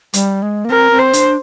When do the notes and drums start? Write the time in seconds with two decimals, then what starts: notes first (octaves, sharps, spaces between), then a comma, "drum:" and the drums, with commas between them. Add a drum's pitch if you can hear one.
0.13 G3, drum: hi-hat
0.42 G#3
0.65 A#3
0.70 C4 A#4
0.91 C4
0.99 C5
1.13 D4, drum: hi-hat